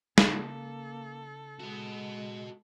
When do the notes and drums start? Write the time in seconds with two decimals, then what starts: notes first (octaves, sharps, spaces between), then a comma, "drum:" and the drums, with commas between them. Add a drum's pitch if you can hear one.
0.18 C#3 A#3 A4, drum: snare
1.60 G#3 F#4 D#5